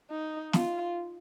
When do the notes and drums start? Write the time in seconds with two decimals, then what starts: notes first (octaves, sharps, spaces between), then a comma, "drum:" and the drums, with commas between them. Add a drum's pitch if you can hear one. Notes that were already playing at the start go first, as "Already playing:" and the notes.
0.10 D#4
0.53 F4, drum: snare